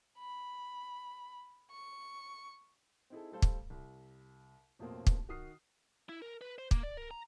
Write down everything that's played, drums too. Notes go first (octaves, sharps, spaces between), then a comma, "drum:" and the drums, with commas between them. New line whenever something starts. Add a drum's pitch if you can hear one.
B5
C#6
C4 D#4 E4 G#4 A4
G3 A3 A4 C5 F5
drum: kick
C2
A1 F2 B2 A#3 C4
drum: kick
D#3 F#4 D#6 F6 C7
E4
A#4
B4
C5
A#3, drum: kick
D5
A#4
A#5